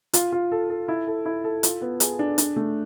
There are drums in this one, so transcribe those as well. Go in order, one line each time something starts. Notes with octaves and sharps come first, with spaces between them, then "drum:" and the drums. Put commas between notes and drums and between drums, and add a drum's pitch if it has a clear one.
F4, drum: hi-hat
F4
A4
A4
E4
A4
E4
A4
F4, drum: hi-hat
B3
G#4, drum: hi-hat
D4
D4, drum: hi-hat
A3